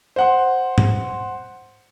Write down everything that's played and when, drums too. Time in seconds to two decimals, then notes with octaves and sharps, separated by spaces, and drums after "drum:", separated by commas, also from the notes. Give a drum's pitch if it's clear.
0.16 C5 F#5 C6
0.78 drum: tom G#2